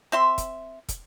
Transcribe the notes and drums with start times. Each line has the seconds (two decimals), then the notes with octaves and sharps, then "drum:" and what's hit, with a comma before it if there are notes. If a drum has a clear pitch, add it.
0.12 C4 E5 C6
0.38 drum: kick, hi-hat
0.89 drum: kick, hi-hat